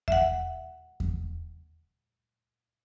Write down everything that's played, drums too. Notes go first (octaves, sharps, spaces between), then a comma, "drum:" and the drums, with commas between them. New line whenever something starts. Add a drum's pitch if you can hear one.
E5 F#5, drum: kick E2
drum: kick E2